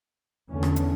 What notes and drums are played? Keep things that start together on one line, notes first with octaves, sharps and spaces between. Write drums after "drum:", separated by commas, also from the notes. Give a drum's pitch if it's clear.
E2 D3 A3 C#4
drum: rim click
drum: hi-hat